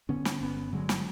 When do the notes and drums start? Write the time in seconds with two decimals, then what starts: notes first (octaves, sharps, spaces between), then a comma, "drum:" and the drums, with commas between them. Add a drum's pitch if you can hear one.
0.09 D3 B3 C#4
0.25 drum: snare
0.41 G1 B3 C#4
0.73 D3 F#3 G#3
0.89 drum: snare